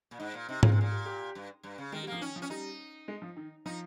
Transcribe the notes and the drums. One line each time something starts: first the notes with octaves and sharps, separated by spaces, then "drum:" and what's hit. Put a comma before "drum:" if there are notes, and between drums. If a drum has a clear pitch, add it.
A#2
G#2 D#4
A#2
C3 D#4
A#2 F4, drum: tom G#2
C3
G#4
A#2
G4
G4
G2
G2
C#3
D#3 G#3
G3
F3 A#3
D#3 C#4
F3
C#4
G3 D#4
G#3
F3
D#3
F3 D#4